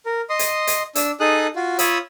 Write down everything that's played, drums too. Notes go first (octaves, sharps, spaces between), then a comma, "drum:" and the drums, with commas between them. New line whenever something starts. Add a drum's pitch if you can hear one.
A#4
D#5 C6 D#6
drum: hi-hat
drum: hi-hat
D4 E6, drum: hi-hat
D#4 G#4 A4 D#6 F#6
F4 F#4
F4 C#5 B5 D#6 E6, drum: hi-hat